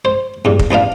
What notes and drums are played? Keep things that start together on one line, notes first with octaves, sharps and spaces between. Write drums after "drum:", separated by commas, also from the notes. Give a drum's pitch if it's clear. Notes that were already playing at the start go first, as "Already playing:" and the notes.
C5
E2 G2
drum: kick
A1 B3 D4 F5